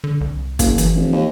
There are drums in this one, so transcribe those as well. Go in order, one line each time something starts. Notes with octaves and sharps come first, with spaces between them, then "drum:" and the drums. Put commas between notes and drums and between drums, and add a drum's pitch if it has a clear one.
D3
C2
F#1 A#3, drum: kick, hi-hat
E3, drum: hi-hat
F1
D#2